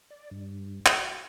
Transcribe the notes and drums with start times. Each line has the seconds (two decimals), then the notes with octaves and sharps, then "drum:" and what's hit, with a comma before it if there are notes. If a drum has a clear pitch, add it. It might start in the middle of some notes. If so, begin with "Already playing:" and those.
0.10 D5
0.31 G2
0.86 F#4, drum: clap